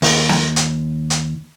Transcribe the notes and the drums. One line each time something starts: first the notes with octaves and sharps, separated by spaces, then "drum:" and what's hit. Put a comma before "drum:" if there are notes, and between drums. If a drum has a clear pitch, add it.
D#2, drum: open hi-hat
drum: snare
drum: hi-hat
drum: hi-hat